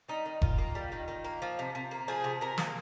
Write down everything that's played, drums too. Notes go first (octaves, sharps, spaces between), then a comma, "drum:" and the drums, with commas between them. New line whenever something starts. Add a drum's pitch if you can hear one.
G3 D#4
D#3
D#3 F4, drum: kick F1
A#3
G3
D#3
D#3
A#3
F3
C3
C3
A#3
F3 G#4
C3
C3 A#4
A#3, drum: snare